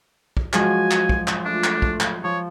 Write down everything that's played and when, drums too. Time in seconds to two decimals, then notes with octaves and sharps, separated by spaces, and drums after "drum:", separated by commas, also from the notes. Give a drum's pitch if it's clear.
0.37 drum: kick
0.53 F3 F#3 G#3 F#4 G#5, drum: clap
0.91 drum: clap
1.09 drum: kick
1.28 drum: clap
1.46 A3 D4 F4 D6
1.64 drum: clap
1.82 drum: kick
2.00 drum: clap
2.24 F3 C#5